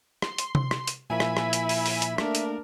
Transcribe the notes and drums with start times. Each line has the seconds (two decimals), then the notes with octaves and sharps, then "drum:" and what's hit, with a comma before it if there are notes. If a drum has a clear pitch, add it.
0.22 C6, drum: rim click
0.38 drum: hi-hat
0.55 drum: tom C3
0.71 drum: rim click
0.87 drum: hi-hat
1.10 A#2 F3 A#3 E4 E5 G#5 B5
1.20 drum: rim click
1.37 drum: rim click
1.53 drum: hi-hat
1.69 drum: open hi-hat
1.86 drum: open hi-hat
2.02 drum: hi-hat
2.18 A3 A#3 D4 A#4, drum: rim click
2.35 drum: hi-hat